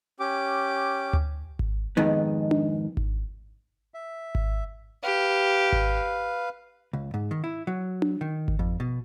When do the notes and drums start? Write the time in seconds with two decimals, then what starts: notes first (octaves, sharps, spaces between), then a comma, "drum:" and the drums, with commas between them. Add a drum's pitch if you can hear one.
0.20 C#4 G4 D6
1.13 drum: tom D2
1.59 drum: kick G#1
1.97 F2 G#2 D#3 B3
2.51 drum: tom D4
2.97 drum: kick G#1
3.94 E5
4.35 drum: kick G#1
5.04 G4 B4 F5
5.72 drum: kick G#1
6.93 C#2
7.14 G#2
7.31 D#3
7.44 E4
7.67 F#3
8.02 drum: tom D4
8.21 D#3
8.48 drum: kick G#1
8.59 F2
8.80 B2